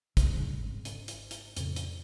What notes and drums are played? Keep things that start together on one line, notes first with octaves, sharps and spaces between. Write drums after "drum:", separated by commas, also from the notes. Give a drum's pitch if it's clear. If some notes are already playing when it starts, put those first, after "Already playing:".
D2 G2 C3, drum: kick, hi-hat
E1 A1 C#3 G3
G#1
drum: hi-hat
drum: hi-hat
drum: hi-hat
F2 A2 C#3, drum: hi-hat
drum: hi-hat